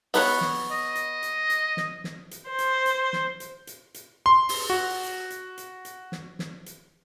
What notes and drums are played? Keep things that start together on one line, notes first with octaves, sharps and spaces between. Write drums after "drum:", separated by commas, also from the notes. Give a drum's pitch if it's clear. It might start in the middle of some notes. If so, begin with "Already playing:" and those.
B3 B4 C#5, drum: open hi-hat
drum: snare
D#5
drum: hi-hat
drum: hi-hat
drum: hi-hat
drum: snare
drum: snare
drum: hi-hat
C5
drum: hi-hat
drum: hi-hat
drum: snare
drum: hi-hat
drum: hi-hat
drum: hi-hat
C6
drum: open hi-hat
F#4
drum: hi-hat
drum: hi-hat
drum: hi-hat
drum: hi-hat
drum: snare
drum: snare
drum: hi-hat